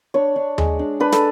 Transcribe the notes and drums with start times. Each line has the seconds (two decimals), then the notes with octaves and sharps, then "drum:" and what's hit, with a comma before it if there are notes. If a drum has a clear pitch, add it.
0.14 D4 C#5
0.36 D4
0.58 G#3, drum: tom D#2
0.79 D4
1.00 D4 B4
1.12 A4, drum: snare